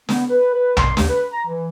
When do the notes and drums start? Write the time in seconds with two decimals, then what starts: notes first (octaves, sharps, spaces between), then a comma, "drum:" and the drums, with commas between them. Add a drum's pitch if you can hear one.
0.09 B3, drum: snare
0.30 B4
0.53 B4
0.77 C6, drum: tom A#1
0.97 D#2, drum: snare
1.09 B4
1.32 A#5
1.46 E3